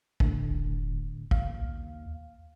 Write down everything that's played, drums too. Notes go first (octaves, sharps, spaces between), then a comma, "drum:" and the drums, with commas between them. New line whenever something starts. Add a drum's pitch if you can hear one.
A2 D3, drum: kick
E1
D#2 F5, drum: kick